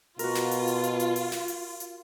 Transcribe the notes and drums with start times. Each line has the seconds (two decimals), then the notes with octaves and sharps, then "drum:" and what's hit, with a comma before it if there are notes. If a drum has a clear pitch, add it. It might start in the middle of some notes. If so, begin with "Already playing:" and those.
0.19 B2 F4 F#4 A#4, drum: open hi-hat
0.35 drum: snare
0.51 drum: open hi-hat
0.67 drum: hi-hat
0.84 drum: hi-hat
1.00 drum: hi-hat
1.16 drum: open hi-hat
1.32 drum: snare
1.48 drum: open hi-hat
1.80 drum: hi-hat